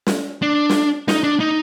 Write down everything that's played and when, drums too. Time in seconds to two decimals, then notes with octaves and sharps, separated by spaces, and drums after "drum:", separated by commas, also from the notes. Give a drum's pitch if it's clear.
0.07 drum: snare
0.42 D4
0.69 drum: snare
1.08 D#4, drum: snare
1.23 D4
1.40 D#4